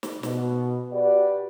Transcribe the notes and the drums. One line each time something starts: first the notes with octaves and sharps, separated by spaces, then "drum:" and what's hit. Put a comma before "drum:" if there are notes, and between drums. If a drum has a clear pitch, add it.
drum: snare
B2, drum: snare
F#4 G4 B4 D5